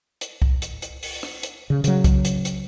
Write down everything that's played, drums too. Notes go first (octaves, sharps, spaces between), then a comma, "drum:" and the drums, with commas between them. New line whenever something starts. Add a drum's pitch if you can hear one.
drum: hi-hat
drum: kick C2
drum: hi-hat
drum: hi-hat
drum: open hi-hat
drum: rim click
drum: hi-hat
C#3
C#3 F#3, drum: hi-hat
drum: kick C2, hi-hat
drum: hi-hat
drum: hi-hat